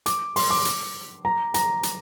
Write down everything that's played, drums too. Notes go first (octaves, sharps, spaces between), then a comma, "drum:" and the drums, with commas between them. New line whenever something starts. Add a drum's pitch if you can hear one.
D6, drum: hi-hat
C6, drum: open hi-hat
D6
drum: hi-hat
A#5
A#5, drum: hi-hat
drum: hi-hat